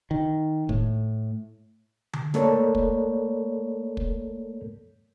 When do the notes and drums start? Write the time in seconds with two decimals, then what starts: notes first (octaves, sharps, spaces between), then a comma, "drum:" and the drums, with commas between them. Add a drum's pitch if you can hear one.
0.11 D#3
0.69 A2, drum: kick
2.13 drum: tom D3
2.34 A3 A#3 A4 A#4 C#5 D5, drum: snare
2.75 drum: kick
3.97 drum: kick